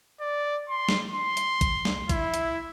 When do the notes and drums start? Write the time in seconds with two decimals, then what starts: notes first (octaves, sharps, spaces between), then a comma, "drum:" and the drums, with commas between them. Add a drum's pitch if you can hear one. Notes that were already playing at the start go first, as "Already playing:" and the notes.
0.20 D5
0.69 C6
0.89 drum: snare
1.11 C6
1.37 drum: hi-hat
1.61 drum: kick A1, hi-hat
1.85 drum: snare
2.09 E4, drum: kick A1, hi-hat
2.34 drum: hi-hat